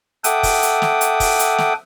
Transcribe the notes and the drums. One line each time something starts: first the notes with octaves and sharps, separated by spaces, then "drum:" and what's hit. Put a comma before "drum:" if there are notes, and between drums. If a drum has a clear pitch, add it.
A4 E5 F#5 G5 D6 D#6, drum: hi-hat
drum: kick, open hi-hat
drum: hi-hat
drum: snare
drum: hi-hat
drum: kick, open hi-hat
drum: hi-hat
drum: snare